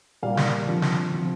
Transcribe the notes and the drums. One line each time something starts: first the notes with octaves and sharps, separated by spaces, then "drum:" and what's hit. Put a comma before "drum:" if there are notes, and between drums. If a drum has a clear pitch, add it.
A#2 G3 A#3 F5
drum: snare
D3 F3 C4
drum: snare
C3 F3 C4